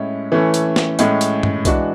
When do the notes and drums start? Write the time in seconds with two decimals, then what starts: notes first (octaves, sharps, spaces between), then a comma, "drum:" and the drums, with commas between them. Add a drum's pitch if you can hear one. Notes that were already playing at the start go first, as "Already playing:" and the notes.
Already playing: A2 G#3 C#4 E4
0.32 E3 A3 C#4
0.54 drum: hi-hat
0.76 drum: snare
0.99 A2 G#3 C#4, drum: hi-hat
1.21 drum: hi-hat
1.43 drum: tom G2
1.65 E3 G#3 D4 F#4, drum: kick, hi-hat